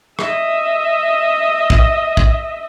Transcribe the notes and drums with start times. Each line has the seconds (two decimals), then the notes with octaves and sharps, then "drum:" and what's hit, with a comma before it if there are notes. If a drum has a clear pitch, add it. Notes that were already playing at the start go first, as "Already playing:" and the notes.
0.19 D#5 E5, drum: rim click
1.70 drum: kick
2.17 drum: kick